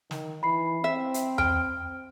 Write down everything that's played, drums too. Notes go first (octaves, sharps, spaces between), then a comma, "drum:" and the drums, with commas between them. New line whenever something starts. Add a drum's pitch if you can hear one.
D#3, drum: snare
E3 B5 C7
C4 E5
drum: hi-hat
G5 F6, drum: tom E2